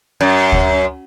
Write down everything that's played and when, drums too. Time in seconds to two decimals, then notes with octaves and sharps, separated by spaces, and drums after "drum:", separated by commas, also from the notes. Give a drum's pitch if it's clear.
0.21 F#2
0.52 drum: kick D2